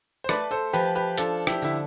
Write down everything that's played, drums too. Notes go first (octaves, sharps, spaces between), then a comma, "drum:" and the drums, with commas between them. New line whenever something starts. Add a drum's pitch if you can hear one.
C5
A3 B4 D5, drum: rim click
A4 C5
F3 G4 B4
G4 B4
D4 F4 A4, drum: hi-hat
E4 G4, drum: rim click
D3 E4